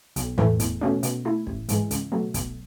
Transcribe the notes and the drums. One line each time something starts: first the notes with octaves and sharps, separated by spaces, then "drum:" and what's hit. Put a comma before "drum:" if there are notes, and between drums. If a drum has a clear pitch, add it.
B1, drum: hi-hat
A2 E3 A3, drum: tom E2
E2, drum: kick, hi-hat
B2 A3 C#4
B2, drum: hi-hat
A3 E4
A1, drum: kick
G#2 E3 G#3, drum: hi-hat
C#2, drum: hi-hat
B2 F#3 A3
B1, drum: kick, hi-hat